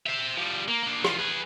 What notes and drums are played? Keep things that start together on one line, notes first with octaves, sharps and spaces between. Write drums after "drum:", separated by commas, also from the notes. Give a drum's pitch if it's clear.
C5 E5
F3 G3
A#3
A#3 D4
E3 F4, drum: rim click
G#4 B4